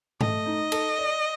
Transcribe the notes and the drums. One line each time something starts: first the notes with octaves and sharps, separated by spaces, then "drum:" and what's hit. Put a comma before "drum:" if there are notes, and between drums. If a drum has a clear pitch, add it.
A3 D#5, drum: tom G#2
D#4
A4, drum: cymbal
D5